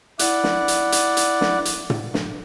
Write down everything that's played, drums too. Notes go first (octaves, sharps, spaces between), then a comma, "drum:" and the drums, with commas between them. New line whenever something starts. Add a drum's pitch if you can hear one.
E4 D5 F#5, drum: hi-hat
drum: snare
drum: hi-hat
drum: hi-hat
drum: hi-hat
drum: snare
drum: hi-hat
drum: tom
drum: snare